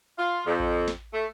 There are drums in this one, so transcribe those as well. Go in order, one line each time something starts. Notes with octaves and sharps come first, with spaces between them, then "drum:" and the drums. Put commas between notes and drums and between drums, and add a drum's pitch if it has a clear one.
F4
F2
drum: kick A1
drum: snare
A3